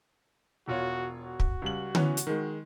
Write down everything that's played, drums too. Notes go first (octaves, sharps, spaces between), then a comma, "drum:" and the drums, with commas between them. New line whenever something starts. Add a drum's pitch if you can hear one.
E1 F4 F#4 C#5
F#4
drum: kick
C#2 G3 F#7
E3 B3 C#4, drum: tom D3
drum: hi-hat
D#3 G#3